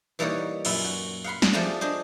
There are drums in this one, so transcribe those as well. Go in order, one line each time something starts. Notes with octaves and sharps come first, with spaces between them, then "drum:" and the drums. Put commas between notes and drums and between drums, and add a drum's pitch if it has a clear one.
E3 G3 A#3 D#4 C#5 D5
F#2 A#2 F4 E5 B5, drum: cymbal
F#4
F5 F#5 B5 C6
drum: snare
F3 A3 F4 G4 G#4 D5
D4 G#4 C5 D#5